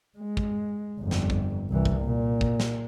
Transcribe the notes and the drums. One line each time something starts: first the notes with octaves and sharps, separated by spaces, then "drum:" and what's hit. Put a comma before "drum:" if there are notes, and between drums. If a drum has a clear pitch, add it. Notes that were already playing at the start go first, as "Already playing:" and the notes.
G#3
drum: kick
G1 F2
drum: snare
drum: kick
C2 E3
drum: kick
A#2
drum: kick
drum: snare